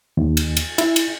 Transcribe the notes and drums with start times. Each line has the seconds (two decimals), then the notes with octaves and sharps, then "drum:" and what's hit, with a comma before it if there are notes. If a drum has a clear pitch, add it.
0.17 D#2
0.37 drum: cymbal
0.57 drum: cymbal
0.78 E4, drum: cymbal
0.96 drum: cymbal